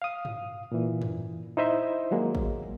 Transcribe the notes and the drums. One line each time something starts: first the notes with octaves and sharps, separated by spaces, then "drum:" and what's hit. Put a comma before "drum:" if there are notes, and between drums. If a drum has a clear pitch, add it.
F5 D#6
drum: tom
A#2 E3
drum: tom
D#4 E4 C5 D#5 E5
D#3 F#3 G#3 A#3
drum: kick